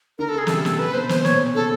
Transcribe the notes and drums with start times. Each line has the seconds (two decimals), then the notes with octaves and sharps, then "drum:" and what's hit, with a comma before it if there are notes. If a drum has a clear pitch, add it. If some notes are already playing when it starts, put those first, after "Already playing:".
0.19 D3 A#4
0.29 A4
0.34 C#3 G#4
0.47 C3 A4, drum: snare
0.65 A#2, drum: snare
0.79 B4
0.94 B2 C5
1.09 C5, drum: snare
1.16 B2
1.25 A#2 C#5, drum: snare
1.40 B2
1.55 C#3 A4